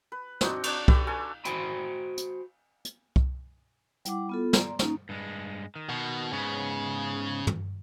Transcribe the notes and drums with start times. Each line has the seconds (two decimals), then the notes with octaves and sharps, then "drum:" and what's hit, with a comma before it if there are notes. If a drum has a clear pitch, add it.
0.12 B4
0.41 C4 D4 D#4 F#4, drum: snare
0.63 D4 C#5 D5 C#6, drum: cymbal
0.88 F#4 G4 A4 B4, drum: kick C2
1.07 A4 G#5 C6
1.45 F#4 C5 G5 G#5 B5, drum: hi-hat
2.17 drum: hi-hat
2.85 drum: hi-hat
3.16 drum: kick C2
4.05 G3 E4 F#5 D6, drum: hi-hat
4.29 B3 F4 A4
4.53 D5 A#5 C6, drum: snare
4.79 A#3 C#4 D#4, drum: snare
5.09 G2 G#3
5.76 D#3
5.89 B2
6.33 G#2 C#3 B3
7.47 drum: tom